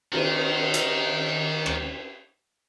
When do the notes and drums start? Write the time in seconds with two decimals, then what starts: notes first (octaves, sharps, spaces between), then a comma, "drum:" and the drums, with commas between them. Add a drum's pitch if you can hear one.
0.13 D#3, drum: cymbal
0.74 drum: hi-hat
1.66 drum: rim click